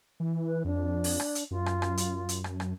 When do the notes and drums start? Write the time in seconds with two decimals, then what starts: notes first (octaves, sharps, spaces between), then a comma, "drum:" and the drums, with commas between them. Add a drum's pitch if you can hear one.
0.20 E3
0.45 B4
0.65 F2 D4
1.04 drum: open hi-hat
1.20 drum: rim click
1.35 drum: hi-hat
1.51 F#2 F4
1.66 drum: rim click
1.82 drum: rim click
1.97 drum: hi-hat
2.29 drum: hi-hat
2.44 drum: rim click
2.60 drum: rim click